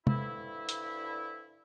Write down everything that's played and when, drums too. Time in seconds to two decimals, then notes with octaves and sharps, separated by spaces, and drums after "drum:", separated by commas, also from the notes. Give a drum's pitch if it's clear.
0.07 G2 D3 F3 E4, drum: tom
0.69 drum: hi-hat